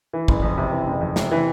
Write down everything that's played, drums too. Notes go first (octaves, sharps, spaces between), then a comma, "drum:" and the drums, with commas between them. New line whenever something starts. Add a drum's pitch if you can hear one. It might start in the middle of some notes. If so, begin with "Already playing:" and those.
E3
F#1, drum: kick
F2
C3
E3
F#1
F2
C3, drum: snare
E3